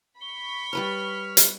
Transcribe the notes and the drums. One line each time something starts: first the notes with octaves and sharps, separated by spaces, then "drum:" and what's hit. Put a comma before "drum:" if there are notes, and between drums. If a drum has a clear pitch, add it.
B5 C#6 B6 G7
G3 B4 C#5 F6
drum: hi-hat